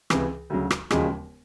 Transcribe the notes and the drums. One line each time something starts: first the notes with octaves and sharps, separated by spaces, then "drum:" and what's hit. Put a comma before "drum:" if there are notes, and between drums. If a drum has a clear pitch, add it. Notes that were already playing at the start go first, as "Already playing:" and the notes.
C#2 C3 E3, drum: rim click
D2 C#3 F#3
drum: rim click
E1 D#2 C#3 F3 G#3, drum: rim click